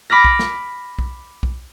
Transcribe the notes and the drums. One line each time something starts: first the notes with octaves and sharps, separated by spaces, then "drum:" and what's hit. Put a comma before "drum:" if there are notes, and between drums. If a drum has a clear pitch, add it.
B5 D6 F6 A#6
drum: kick B1
drum: snare
drum: kick B1
drum: kick B1